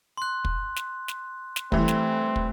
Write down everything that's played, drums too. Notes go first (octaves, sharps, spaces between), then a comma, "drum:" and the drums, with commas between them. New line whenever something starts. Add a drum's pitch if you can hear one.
C6 F#6
drum: kick
drum: snare
drum: snare
drum: snare
E3 G3 A3 C4, drum: kick
drum: snare
drum: kick